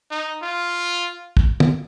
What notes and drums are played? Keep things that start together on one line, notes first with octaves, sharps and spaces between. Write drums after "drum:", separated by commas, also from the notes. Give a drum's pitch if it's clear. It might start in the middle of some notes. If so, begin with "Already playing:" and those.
D#4
F4
drum: kick
drum: tom